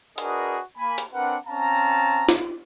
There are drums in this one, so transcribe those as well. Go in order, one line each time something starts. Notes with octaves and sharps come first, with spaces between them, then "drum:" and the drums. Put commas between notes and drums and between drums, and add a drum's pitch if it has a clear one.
D4 F#4 G#4 A#4 B4 D#5, drum: hi-hat
A#3 G#5 B5
drum: hi-hat
C4 D4 A#4 B4 F#5
C4 C#4 F5 A5 A#5
drum: snare